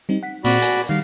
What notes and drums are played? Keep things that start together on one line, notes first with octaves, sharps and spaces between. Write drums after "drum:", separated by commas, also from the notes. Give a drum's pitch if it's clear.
G3 C4 D#4
F#5 B6
A#2 C4 F#4 D5 B5, drum: open hi-hat
G#5 C#6, drum: hi-hat
D#3 G3 F5